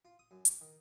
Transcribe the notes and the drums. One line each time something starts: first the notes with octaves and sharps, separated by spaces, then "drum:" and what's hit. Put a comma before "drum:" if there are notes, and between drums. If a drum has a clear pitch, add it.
F4
D#6
F#2
D6, drum: hi-hat
D#3